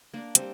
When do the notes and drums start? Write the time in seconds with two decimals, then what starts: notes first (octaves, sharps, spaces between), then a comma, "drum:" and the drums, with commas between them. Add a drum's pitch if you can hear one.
0.14 A#3 D4
0.35 G3 C4, drum: hi-hat